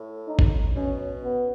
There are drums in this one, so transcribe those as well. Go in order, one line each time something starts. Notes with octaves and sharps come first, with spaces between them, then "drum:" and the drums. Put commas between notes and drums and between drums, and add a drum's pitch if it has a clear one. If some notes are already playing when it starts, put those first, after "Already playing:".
Already playing: A2
D#4
drum: kick
B2 C#4
B3